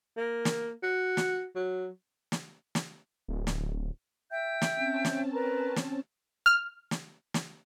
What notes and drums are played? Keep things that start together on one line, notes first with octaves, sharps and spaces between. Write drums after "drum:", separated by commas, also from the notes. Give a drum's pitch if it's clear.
A#3
drum: snare
F#4
drum: snare
F#3
drum: snare
drum: snare
D1
drum: snare
E5 G5 G6
drum: snare
C4 C#4 A5
drum: snare
A#4 B4 A#5
drum: snare
F6
drum: snare
drum: snare